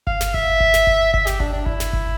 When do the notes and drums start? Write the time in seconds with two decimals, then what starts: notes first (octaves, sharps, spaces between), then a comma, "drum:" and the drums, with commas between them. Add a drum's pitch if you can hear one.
0.07 F5, drum: kick G1
0.21 drum: snare
0.34 E5, drum: kick G1
0.60 drum: kick G1
0.74 drum: snare
0.87 drum: kick G1
1.14 E5, drum: kick G1
1.27 G4, drum: snare
1.40 D4, drum: kick G1
1.53 D4
1.66 E4, drum: kick G1
1.80 drum: snare
1.93 drum: kick G1